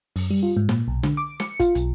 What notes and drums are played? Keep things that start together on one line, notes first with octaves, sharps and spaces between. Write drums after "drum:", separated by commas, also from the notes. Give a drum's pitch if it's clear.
F#2, drum: open hi-hat
G3
F4
G#2
A#2, drum: snare
B1
D3, drum: snare
D6
C#7, drum: snare
F4, drum: kick, hi-hat
B1, drum: hi-hat